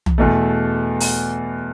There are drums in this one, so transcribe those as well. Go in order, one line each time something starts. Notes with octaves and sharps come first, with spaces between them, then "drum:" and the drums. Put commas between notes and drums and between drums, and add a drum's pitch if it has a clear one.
drum: tom
E2 B2 A3
drum: open hi-hat